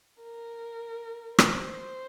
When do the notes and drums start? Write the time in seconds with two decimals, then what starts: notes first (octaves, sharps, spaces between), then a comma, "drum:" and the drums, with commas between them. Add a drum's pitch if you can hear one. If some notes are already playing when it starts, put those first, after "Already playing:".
0.22 A#4
1.39 C5, drum: rim click